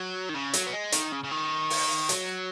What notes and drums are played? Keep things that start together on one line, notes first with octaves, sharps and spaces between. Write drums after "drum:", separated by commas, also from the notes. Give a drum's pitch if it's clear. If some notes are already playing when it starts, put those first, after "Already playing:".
Already playing: F#3
D#3
C#3
F#3, drum: hi-hat
B3
G#3
D#3, drum: hi-hat
C#3
C#3
D#3
drum: open hi-hat
F#3, drum: hi-hat